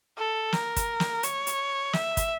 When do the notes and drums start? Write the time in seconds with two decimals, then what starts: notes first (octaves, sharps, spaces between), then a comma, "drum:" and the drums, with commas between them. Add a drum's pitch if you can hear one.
0.17 A4
0.52 A#4, drum: snare
0.76 drum: kick, hi-hat
1.00 drum: snare
1.23 C#5, drum: hi-hat
1.47 drum: hi-hat
1.93 E5, drum: snare
2.17 drum: kick, hi-hat